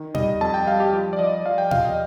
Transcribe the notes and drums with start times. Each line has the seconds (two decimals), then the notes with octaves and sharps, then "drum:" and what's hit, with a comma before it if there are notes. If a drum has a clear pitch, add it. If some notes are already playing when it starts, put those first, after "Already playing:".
Already playing: D#3
0.15 G3 D#5, drum: tom A#2
0.41 F2 A5
0.54 G5
0.67 G3 F5
0.80 G4
0.93 F3
1.13 D5
1.19 F3 D#5
1.45 F3 F5
1.58 G5
1.71 F3 F5, drum: tom A#2
1.85 D#5